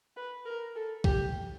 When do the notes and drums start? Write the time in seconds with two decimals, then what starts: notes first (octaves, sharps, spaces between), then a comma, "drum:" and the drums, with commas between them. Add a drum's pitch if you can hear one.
0.16 B4
0.45 A#4
0.75 A4
1.04 G4, drum: kick